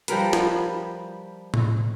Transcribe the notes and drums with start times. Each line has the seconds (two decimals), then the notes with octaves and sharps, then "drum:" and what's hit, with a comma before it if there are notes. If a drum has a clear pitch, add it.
0.08 F3 G3 A#4 B4, drum: hi-hat
0.33 drum: snare
1.54 drum: tom A2